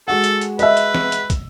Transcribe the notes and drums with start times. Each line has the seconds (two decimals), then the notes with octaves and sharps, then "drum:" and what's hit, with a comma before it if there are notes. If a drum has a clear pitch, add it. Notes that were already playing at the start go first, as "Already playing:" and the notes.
0.08 G#3 F#4 A4 F#5
0.24 drum: hi-hat
0.41 drum: hi-hat
0.59 B4 D#5 E5, drum: hi-hat
0.77 drum: hi-hat
0.95 drum: snare
1.12 drum: hi-hat
1.30 drum: kick, hi-hat